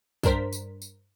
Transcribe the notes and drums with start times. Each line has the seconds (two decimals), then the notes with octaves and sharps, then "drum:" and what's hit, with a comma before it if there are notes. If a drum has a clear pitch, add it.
0.23 G2 D4 A#4 C5 B6, drum: kick, tambourine
0.53 drum: tambourine
0.82 drum: tambourine